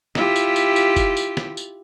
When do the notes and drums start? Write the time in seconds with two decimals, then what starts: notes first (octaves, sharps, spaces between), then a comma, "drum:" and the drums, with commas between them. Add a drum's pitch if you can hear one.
0.15 E4 F4 G4, drum: snare
0.36 drum: tambourine
0.56 drum: tambourine
0.76 drum: tambourine
0.96 drum: kick F1, tambourine
1.17 drum: tambourine
1.37 drum: snare
1.57 drum: tambourine